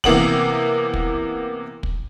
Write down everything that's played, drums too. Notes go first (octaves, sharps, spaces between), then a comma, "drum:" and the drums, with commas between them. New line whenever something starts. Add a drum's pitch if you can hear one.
C3 E3 A#3 B3 F#7, drum: kick
drum: kick
drum: kick